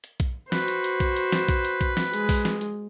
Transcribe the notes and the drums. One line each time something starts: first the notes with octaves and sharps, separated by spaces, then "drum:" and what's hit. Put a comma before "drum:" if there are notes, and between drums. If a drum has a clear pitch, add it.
drum: hi-hat
drum: kick B1, hi-hat
F#4 B4 C5, drum: snare
drum: hi-hat
drum: hi-hat
drum: kick B1, hi-hat
drum: hi-hat
drum: snare
drum: kick B1, hi-hat
drum: hi-hat
drum: kick B1, hi-hat
drum: snare
G#3, drum: hi-hat
drum: kick B1, open hi-hat
drum: snare
drum: hi-hat